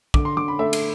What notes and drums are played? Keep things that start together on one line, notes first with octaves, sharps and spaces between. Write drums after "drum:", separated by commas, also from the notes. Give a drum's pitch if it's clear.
D3 D6, drum: kick
C6
D3 D6
B5
A3 E5
drum: cymbal